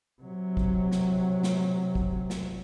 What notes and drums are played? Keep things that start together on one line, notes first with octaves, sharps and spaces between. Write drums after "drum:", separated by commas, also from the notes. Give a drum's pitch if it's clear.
C3 F#3
drum: kick
drum: snare
drum: snare
drum: kick
drum: snare